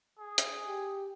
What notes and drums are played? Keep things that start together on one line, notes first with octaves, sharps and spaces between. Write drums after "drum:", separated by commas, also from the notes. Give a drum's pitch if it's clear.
G#4
drum: hi-hat
G4